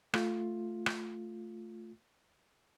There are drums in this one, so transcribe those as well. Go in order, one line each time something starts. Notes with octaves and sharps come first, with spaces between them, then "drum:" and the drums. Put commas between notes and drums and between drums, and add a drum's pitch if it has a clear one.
A3 F4, drum: rim click
drum: rim click